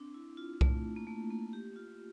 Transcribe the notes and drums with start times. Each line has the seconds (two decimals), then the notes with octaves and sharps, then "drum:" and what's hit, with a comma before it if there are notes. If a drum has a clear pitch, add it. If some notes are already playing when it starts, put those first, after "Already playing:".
Already playing: C4 D4
0.14 E4
0.37 F4
0.61 A3, drum: kick C2
0.96 A#3
1.07 A3
1.31 A#3
1.53 G4
1.76 F4